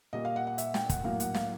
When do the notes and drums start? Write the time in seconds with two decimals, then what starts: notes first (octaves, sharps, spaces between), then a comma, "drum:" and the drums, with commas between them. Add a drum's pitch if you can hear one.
0.13 A#2 G3 A#3 D#5
0.25 F5
0.36 F#5
0.47 F#5
0.58 E5, drum: hi-hat
0.74 G5, drum: snare
0.89 F#5, drum: kick, hi-hat
1.04 A2 F#3 A#3 F5
1.20 F#5, drum: hi-hat
1.34 F5, drum: snare